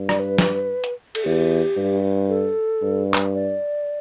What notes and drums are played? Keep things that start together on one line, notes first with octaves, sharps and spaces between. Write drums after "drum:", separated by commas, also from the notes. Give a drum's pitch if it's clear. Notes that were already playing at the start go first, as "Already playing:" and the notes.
Already playing: G2
D5, drum: rim click
B4
drum: snare
drum: hi-hat
A4, drum: cymbal
E2 G4
G2
A4
G2
drum: clap
D5